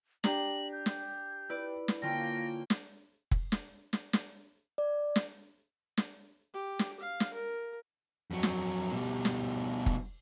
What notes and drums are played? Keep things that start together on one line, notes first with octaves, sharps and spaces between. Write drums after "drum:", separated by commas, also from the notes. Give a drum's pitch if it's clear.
D4 G4 A#5 F#7, drum: snare
G6
drum: snare
E4 B4 D5
drum: snare
D3 A#3 C#4 F4 G5 A#6
drum: snare
drum: kick F1
drum: snare
drum: snare
drum: snare
D5
drum: snare
drum: snare
G4
drum: snare
F5
drum: snare
A#4
F2 F#3
drum: snare
B2 G3
drum: snare
drum: kick F1